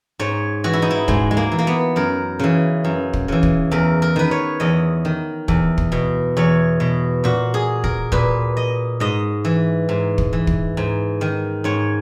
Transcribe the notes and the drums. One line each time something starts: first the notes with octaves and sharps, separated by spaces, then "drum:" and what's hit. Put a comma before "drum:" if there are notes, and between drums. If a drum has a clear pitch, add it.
G#2 C#5
E3 F#4
E4
D#4
E4
G#2 G#3, drum: kick
G#3
A#3
E3
A#3
B3
F#2 A#4
C#3 E3
F#2
drum: kick
C#3 E3
drum: kick
E2 A#4
A#4
D#3 B4
C#5
E2 D#5
D#3
E2, drum: kick
drum: kick
B2
E2 C#5
B2
A#2 F#4
G#4
A#4, drum: kick
A#2 B4, drum: kick
D#5
G#2 D#5
E3
G#2
drum: kick
E3
drum: kick
G#2
D#3
G#2 C#5